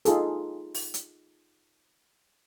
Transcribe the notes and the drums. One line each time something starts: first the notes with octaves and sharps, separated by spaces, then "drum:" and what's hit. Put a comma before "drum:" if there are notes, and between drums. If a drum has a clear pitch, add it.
D#4 F4 G#4 A4, drum: hi-hat
drum: open hi-hat
drum: hi-hat